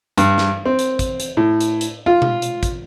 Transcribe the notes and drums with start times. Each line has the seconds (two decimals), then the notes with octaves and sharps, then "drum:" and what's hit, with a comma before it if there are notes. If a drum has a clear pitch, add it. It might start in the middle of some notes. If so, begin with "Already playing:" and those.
0.17 G2, drum: hi-hat
0.38 drum: snare
0.66 C4
0.79 drum: hi-hat
0.99 drum: kick, hi-hat
1.20 drum: hi-hat
1.37 A2
1.61 drum: hi-hat
1.81 drum: hi-hat
2.06 F4
2.22 drum: tom B2
2.42 drum: hi-hat
2.63 drum: kick, hi-hat